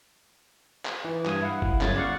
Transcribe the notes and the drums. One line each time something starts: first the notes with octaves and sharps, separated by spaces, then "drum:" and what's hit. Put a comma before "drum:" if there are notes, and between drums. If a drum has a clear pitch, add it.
drum: clap
E3
G2 D#6 G#6, drum: clap
E4 F5 F#5
drum: kick F#1
G1 F#2 C#3 G#6 A6, drum: clap
D5 F5 F#5 C#6